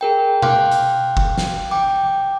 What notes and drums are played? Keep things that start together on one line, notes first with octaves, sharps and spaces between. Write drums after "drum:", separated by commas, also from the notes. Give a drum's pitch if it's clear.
G#4 A#4 G5
F5 G5 C6 D6 F6 F#6, drum: tom B2
drum: hi-hat
drum: kick F#1
drum: snare
G5 D6